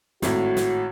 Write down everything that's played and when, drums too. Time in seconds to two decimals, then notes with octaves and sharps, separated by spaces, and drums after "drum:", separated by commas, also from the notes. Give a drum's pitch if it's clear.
0.22 G#1 A2 F#4, drum: snare
0.57 drum: snare